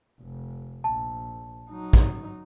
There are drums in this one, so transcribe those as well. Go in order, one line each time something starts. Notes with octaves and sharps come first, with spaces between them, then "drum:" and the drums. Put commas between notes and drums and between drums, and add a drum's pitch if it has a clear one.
F1
A#1 A5
F#3 D#4
drum: kick